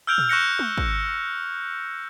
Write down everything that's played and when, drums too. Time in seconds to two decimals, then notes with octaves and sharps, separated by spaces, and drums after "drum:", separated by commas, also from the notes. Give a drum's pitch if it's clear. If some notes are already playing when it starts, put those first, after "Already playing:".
0.07 E6 F6 G6 D7 F7
0.18 drum: tom A#2
0.29 C#6 F#6 A#6 C#7
0.59 drum: tom G#3
0.77 drum: kick